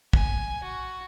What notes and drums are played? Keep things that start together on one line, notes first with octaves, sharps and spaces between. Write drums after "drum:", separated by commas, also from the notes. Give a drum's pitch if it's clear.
G#5, drum: kick
F#4